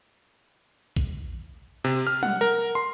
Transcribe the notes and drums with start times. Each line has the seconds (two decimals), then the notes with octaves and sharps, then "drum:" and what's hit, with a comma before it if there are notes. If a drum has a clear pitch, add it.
0.97 drum: kick A#1
1.84 C3, drum: cymbal
2.07 F6
2.23 F#5, drum: tom
2.41 A#4, drum: hi-hat
2.75 C6